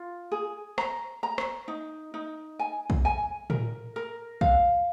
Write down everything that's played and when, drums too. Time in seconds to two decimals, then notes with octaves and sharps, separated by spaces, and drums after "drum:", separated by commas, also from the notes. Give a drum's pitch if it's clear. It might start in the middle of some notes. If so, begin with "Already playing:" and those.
Already playing: F4
0.32 G#4
0.78 A#5, drum: rim click
1.23 A#5
1.38 drum: rim click
1.68 D#4
2.14 D#4
2.59 G#5
2.90 drum: kick
3.05 G#5
3.50 A#4, drum: tom
3.96 A#4
4.41 F5, drum: kick